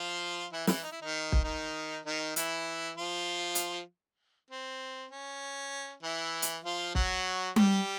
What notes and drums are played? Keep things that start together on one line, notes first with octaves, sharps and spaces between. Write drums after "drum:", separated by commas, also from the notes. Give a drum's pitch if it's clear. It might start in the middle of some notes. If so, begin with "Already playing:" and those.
Already playing: F3 F4
E3 E4
E3 E4, drum: snare
D#4
E4
D#3 D#4
drum: kick
D#3 D#4
D#3 D#4
E3 E4, drum: hi-hat
F3 F4
drum: hi-hat
C4
C#4
E3 E4
drum: hi-hat
F3 F4
F#3 F#4, drum: kick
G3 G4, drum: tom G3